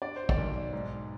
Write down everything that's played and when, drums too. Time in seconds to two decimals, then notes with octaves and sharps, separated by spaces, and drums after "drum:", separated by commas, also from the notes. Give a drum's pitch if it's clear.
0.02 D4 D5
0.16 C5
0.29 D5, drum: kick
0.37 B1
0.73 G#2